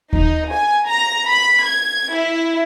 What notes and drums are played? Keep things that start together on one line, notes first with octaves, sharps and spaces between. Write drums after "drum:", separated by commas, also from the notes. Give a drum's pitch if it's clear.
D#4, drum: kick D#2
G#5
A#5
B5
G#6
E4